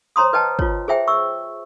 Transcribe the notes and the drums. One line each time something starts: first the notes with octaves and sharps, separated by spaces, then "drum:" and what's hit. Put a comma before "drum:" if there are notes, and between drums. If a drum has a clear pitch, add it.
C5 C#5 A#5 C6 D#6
B4 D#5 G5 A5
F4 C#5, drum: kick
G#4 C5 E5 G5
C#6 E6